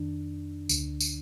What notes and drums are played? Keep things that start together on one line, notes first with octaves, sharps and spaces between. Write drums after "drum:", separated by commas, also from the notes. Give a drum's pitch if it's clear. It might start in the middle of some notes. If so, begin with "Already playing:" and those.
Already playing: F2 D#3 D4
D2 D3, drum: tambourine
drum: tambourine